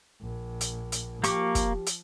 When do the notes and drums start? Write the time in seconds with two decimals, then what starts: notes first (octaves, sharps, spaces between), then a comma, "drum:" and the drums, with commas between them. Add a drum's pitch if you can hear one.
0.21 A#1
0.61 drum: hi-hat
0.92 drum: hi-hat
1.24 F3 A#3 G4 C#6 D6, drum: hi-hat
1.55 drum: kick, hi-hat
1.86 drum: hi-hat